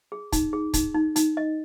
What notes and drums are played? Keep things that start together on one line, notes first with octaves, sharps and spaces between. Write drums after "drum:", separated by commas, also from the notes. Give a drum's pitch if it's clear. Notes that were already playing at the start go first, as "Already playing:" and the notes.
G#4
D#4, drum: kick, hi-hat
G#4
D#4, drum: kick, hi-hat
D#4
D#4, drum: hi-hat
D#5